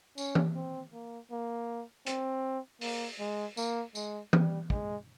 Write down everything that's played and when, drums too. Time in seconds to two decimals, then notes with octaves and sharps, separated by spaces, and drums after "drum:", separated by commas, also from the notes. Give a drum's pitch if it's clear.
0.18 C#4, drum: tambourine
0.35 drum: tom E3
0.55 C4
0.93 A#3
1.31 A#3
2.07 C4, drum: hi-hat
2.81 A#3, drum: open hi-hat
3.20 G#3
3.57 A#3, drum: tambourine
3.95 G#3, drum: tambourine
4.33 G3, drum: tom E3
4.70 G#3, drum: kick